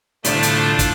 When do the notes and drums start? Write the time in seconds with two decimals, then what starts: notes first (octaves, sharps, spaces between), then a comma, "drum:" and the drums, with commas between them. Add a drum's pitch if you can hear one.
0.24 C2 A2 D3 F3 A3 D4, drum: hi-hat
0.43 drum: hi-hat
0.79 drum: kick, hi-hat